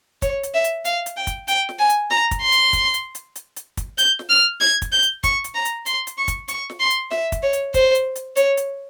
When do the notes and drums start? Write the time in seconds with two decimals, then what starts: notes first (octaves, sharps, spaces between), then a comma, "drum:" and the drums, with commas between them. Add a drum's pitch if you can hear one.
0.22 C#5, drum: kick, hi-hat
0.43 drum: hi-hat
0.54 E5
0.64 drum: hi-hat
0.85 F5, drum: hi-hat
1.06 drum: hi-hat
1.17 G5
1.27 drum: kick, hi-hat
1.48 G5, drum: hi-hat
1.69 drum: snare
1.79 G#5
1.90 drum: hi-hat
2.10 A#5, drum: snare
2.31 drum: kick, hi-hat
2.41 C6
2.52 drum: hi-hat
2.73 drum: kick, hi-hat
2.94 drum: hi-hat
3.15 drum: hi-hat
3.36 drum: hi-hat
3.57 drum: hi-hat
3.77 drum: kick, hi-hat
3.98 G6, drum: hi-hat
4.19 drum: snare
4.29 F6
4.61 G#6, drum: snare
4.82 drum: kick, hi-hat
4.92 G6
5.03 drum: hi-hat
5.24 C#6, drum: kick, hi-hat
5.44 drum: hi-hat
5.55 A#5
5.65 drum: hi-hat
5.86 C6, drum: hi-hat
6.07 drum: hi-hat
6.18 C#6
6.28 drum: kick, hi-hat
6.48 C#6, drum: hi-hat
6.70 drum: snare
6.80 C6
6.90 drum: hi-hat
7.11 E5, drum: snare
7.32 drum: kick, hi-hat
7.43 C#5
7.53 drum: hi-hat
7.74 C5, drum: kick, hi-hat
7.95 drum: hi-hat
8.16 drum: hi-hat
8.37 C#5, drum: hi-hat
8.57 drum: hi-hat